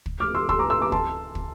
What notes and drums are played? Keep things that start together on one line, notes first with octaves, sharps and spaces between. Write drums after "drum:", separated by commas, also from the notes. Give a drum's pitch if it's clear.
drum: kick
D6 F6
C6 E6
C6 E6, drum: kick
A#5 D6
C6 E6
A#5 D6
A5 C6, drum: kick
drum: kick